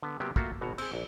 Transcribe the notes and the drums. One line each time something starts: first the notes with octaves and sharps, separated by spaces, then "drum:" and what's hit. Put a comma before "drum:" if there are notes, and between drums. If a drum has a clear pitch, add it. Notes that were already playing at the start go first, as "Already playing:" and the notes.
D3 B3
C3 F#3 A#3 B3 G4
A3 A#3 F4 F#4 E5, drum: kick
G#1 B2 F#4 A#5
C4 G#4, drum: cymbal
A#1